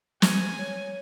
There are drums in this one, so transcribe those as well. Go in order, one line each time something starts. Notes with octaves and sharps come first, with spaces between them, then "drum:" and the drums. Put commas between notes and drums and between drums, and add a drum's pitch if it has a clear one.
G#5, drum: snare
C#5